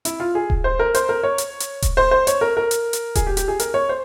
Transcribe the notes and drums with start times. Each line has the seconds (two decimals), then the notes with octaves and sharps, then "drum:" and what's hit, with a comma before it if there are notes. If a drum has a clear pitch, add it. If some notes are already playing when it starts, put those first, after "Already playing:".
0.05 E4, drum: hi-hat
0.20 F4
0.35 G#4
0.50 drum: kick D#1
0.64 C5
0.79 A#4
0.95 C5, drum: hi-hat
1.09 A#4
1.23 C#5
1.38 drum: hi-hat
1.60 drum: hi-hat
1.82 drum: kick D#1, hi-hat
1.97 C5
2.11 C5
2.27 C#5, drum: hi-hat
2.41 A#4
2.57 A#4
2.71 drum: hi-hat
2.93 drum: hi-hat
3.15 G#4, drum: kick D#1, hi-hat
3.27 G4
3.37 G4, drum: hi-hat
3.48 G#4
3.60 A#4, drum: hi-hat
3.74 C#5
3.89 C5